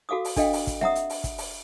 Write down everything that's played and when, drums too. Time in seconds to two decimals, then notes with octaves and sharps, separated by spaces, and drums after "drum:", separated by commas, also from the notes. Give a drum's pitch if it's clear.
0.09 F#4 A4 F5 D6 D#6
0.25 drum: open hi-hat
0.36 D4 A4 D#5 F5 G5, drum: kick, hi-hat
0.53 drum: open hi-hat
0.67 drum: kick, hi-hat
0.81 E5 F#5 A#5 D#6, drum: snare C4
0.95 drum: hi-hat
1.10 drum: open hi-hat
1.24 drum: kick, hi-hat
1.38 drum: open hi-hat